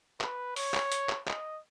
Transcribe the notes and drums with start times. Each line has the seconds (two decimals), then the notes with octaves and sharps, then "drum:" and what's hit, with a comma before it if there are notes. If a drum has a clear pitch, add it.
0.21 B4, drum: clap
0.56 C#5, drum: open hi-hat
0.74 drum: clap
0.92 drum: hi-hat
1.09 drum: clap
1.27 D#5, drum: clap